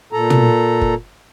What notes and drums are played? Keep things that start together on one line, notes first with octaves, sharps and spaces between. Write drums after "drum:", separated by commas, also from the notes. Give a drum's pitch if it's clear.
A#2 A4 A#5
drum: tom
drum: kick